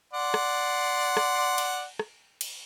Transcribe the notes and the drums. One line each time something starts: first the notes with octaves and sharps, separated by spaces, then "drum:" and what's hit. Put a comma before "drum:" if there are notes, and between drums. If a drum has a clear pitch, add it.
D5 F#5 C6
drum: rim click
drum: rim click
drum: cymbal
drum: rim click
drum: cymbal